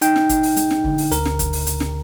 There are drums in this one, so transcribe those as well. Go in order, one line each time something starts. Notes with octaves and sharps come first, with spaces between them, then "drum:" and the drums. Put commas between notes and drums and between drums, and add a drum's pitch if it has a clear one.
D#4 G5, drum: hi-hat
drum: snare
D#4, drum: kick, hi-hat
drum: open hi-hat
G#3, drum: hi-hat
drum: snare
D3, drum: kick
drum: open hi-hat
D2 A#4, drum: hi-hat
drum: snare
drum: kick, hi-hat
drum: open hi-hat
drum: hi-hat
drum: snare